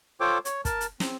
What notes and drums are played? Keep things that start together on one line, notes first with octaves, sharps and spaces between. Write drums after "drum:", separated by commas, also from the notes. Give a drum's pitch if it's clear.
F4 A4 C5 C#5 G5 D6
C#5, drum: hi-hat
A#4 A5, drum: kick, hi-hat
drum: hi-hat
C4, drum: snare